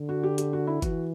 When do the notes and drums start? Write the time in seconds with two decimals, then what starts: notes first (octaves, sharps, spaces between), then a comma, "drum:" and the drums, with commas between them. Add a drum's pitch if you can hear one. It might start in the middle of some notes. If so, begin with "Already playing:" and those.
Already playing: D3
0.09 F#4
0.23 G4
0.38 G4, drum: hi-hat
0.53 F#4
0.67 E4
0.82 E3 F#4, drum: kick F#1, hi-hat